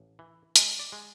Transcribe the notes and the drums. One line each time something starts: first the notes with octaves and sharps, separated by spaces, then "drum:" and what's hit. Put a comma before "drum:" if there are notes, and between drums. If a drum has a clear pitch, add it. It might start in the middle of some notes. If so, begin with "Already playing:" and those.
Already playing: A1
E3
G#3 D#5, drum: hi-hat
D5
G#3